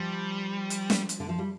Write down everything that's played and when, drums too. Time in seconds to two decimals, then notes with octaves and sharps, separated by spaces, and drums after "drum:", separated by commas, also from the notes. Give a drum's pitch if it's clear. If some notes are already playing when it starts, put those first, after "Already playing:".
Already playing: F3 G3
0.70 drum: hi-hat
0.90 drum: snare
1.09 drum: hi-hat
1.20 D3
1.29 F3
1.39 G3